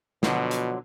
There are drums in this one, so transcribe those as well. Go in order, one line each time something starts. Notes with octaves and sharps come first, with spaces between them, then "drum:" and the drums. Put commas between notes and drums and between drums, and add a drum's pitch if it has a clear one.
B2 D3 F3 F#3, drum: snare
drum: hi-hat